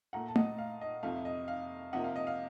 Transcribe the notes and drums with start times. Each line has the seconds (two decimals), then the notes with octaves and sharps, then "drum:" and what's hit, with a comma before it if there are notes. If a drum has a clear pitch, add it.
0.13 A#2 A3 F#5 A#5
0.28 A5
0.36 D#5 F#5, drum: tom A3
0.58 F5
0.81 D#5
1.03 F2 C3 F3 A3 F5
1.25 D#5
1.48 F5
1.93 C3 F3 A#3 D#5 F#5
2.04 F5
2.16 D#5
2.27 F5